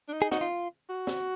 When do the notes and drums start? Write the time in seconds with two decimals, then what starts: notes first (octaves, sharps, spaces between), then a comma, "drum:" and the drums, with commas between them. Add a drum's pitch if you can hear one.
0.08 D4
0.13 D#4
0.22 G#4
0.31 D#4 F#4, drum: snare
0.41 F4
0.90 F#4
1.07 drum: snare